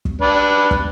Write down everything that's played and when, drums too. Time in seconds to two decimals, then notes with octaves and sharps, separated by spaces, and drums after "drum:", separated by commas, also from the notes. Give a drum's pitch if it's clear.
0.05 drum: kick
0.22 D4 B4
0.71 drum: kick